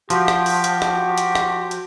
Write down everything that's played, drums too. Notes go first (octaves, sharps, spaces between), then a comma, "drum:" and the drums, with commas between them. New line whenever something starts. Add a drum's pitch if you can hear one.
F3 F#4 G4, drum: hi-hat
drum: rim click
drum: open hi-hat
drum: hi-hat
drum: rim click
drum: hi-hat
drum: rim click
drum: hi-hat